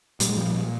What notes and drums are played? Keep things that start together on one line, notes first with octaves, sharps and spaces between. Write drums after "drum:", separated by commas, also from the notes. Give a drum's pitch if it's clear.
A#2 G3, drum: hi-hat
G#3
A#2 F3 G3
A#2